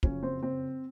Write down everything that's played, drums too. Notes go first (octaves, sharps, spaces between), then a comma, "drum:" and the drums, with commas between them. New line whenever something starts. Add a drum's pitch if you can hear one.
F#1 F2 C#3 F#3 C#4 C#5, drum: kick
C4 C5
C4 C5